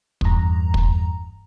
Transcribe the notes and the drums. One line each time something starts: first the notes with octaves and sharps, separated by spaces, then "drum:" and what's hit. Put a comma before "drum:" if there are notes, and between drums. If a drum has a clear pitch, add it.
E2 G2 A#5, drum: kick
drum: kick